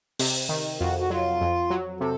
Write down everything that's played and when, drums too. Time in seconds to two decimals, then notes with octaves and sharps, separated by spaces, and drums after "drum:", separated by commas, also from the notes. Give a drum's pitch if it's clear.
0.19 C3, drum: open hi-hat
0.49 D#3
0.80 F2 F#4
0.99 F#4
1.10 F#3 F4
1.41 F2
1.70 F#3
2.00 C3 A4